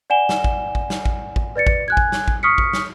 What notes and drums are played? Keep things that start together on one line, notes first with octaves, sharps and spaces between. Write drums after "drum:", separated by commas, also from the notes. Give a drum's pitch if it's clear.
D5 F#5 G#5 E7 G7
drum: snare
drum: kick A1
drum: kick A1
drum: snare
drum: kick A1
drum: kick A1
B4 D5 A6 C#7
drum: kick A1
G#5 F#6 G#6
drum: kick A1
drum: snare
drum: kick A1
C#6 D#6 F6 B6 C#7
drum: kick A1
drum: snare